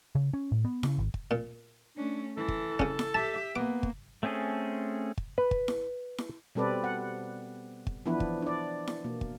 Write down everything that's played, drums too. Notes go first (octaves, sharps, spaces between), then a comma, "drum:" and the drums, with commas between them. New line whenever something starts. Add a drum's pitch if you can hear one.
C#3
C#4
A2
B3
C#3, drum: snare E4
G#1
drum: kick
A#2
A3 C#4 D4
E3 A4
drum: kick
C#3 C#4, drum: kick
drum: snare E4
G4 E5 A5
A#3 B3 D6
drum: kick
A3 C4 C#4 G#4 A4
drum: kick
B4
drum: kick
drum: snare E4
drum: snare E4
B2 G3 C4 A4 B4 D5
F#5
drum: kick
E3 F3 B3 D4 E4 B4
drum: kick
D4 D5
drum: snare E4
B2 A#3
drum: kick